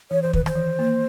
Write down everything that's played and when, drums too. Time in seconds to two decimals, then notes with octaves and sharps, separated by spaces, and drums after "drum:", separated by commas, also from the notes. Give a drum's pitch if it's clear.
0.11 E3 C#5
0.22 E3 C5
0.33 D#3 B4, drum: kick
0.46 C5, drum: rim click
0.56 E3
0.79 A#3